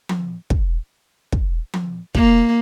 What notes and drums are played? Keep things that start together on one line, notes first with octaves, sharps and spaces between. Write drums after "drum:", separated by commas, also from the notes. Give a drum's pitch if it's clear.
drum: tom F3
drum: kick
drum: kick
drum: tom F3
A#3, drum: kick